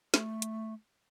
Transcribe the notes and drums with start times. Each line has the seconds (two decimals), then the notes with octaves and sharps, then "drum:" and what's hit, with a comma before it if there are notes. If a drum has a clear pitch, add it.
0.14 A3, drum: snare
0.42 drum: hi-hat